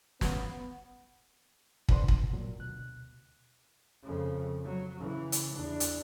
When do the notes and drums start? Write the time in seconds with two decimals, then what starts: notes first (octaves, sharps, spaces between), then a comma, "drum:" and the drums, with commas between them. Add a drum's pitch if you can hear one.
0.21 B3, drum: snare
1.89 F2 F3 D4 B4 F#5 C6, drum: kick
2.08 B2, drum: kick
2.33 A#2 F#3
2.57 D2 B2 F#6
4.03 F2 C#3
4.64 F#3
4.98 C#3 E3
5.32 drum: hi-hat
5.56 E2 D4
5.80 drum: hi-hat